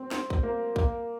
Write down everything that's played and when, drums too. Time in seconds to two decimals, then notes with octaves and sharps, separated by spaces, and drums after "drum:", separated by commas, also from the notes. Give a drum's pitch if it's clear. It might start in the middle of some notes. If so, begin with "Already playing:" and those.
Already playing: C4
0.11 C4, drum: snare
0.30 drum: kick
0.43 A#3
0.76 A#3, drum: kick